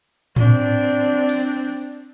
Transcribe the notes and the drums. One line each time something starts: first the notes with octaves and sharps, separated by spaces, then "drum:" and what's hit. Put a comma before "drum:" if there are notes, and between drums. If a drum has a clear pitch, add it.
C4 D4, drum: tom A2
drum: cymbal